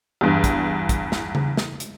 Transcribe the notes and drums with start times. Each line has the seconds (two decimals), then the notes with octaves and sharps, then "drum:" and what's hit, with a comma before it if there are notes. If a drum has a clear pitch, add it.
0.21 E2 G2
0.44 drum: kick, hi-hat
0.89 drum: kick, hi-hat
1.12 drum: snare
1.35 drum: tom C#3
1.57 drum: snare
1.80 drum: hi-hat